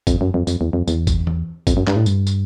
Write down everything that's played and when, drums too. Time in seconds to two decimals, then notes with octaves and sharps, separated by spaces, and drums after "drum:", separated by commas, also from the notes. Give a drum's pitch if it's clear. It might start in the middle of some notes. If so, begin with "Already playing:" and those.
0.07 F2, drum: kick, tambourine
0.21 F#2
0.34 F2
0.47 F2, drum: tambourine
0.61 E2
0.73 F2
0.88 E2, drum: tambourine
1.07 drum: kick, tambourine
1.27 drum: tom E3
1.67 F2, drum: kick, tambourine
1.77 F#2
1.87 G2, drum: clap
1.96 A2
2.06 G2, drum: tambourine
2.27 drum: tambourine